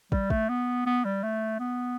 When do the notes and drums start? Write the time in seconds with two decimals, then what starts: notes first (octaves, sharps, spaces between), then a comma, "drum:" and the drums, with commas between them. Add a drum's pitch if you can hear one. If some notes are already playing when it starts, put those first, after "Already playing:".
0.12 G3, drum: kick
0.30 A3, drum: kick
0.49 B3
0.86 B3
1.05 G3
1.23 A3
1.60 B3